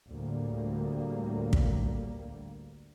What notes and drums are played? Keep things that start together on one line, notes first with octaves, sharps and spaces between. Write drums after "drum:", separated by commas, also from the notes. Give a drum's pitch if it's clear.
D2 A2 G3 A#3
drum: kick